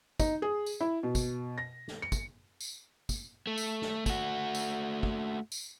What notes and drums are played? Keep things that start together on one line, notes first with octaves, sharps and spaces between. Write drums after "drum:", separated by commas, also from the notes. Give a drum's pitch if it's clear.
D#4, drum: kick, tambourine
G#4
drum: tambourine
E4
B2
drum: kick, tambourine
A#6
drum: snare
C#7
drum: kick, tambourine
drum: tambourine
drum: kick, tambourine
A3
drum: tambourine
drum: snare
A3 F#4, drum: kick, tambourine
drum: tambourine
drum: kick
drum: tambourine